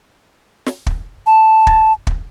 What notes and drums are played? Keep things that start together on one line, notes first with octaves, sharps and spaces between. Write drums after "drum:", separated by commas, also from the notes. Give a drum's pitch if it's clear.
drum: snare
drum: kick
A5
drum: kick
drum: kick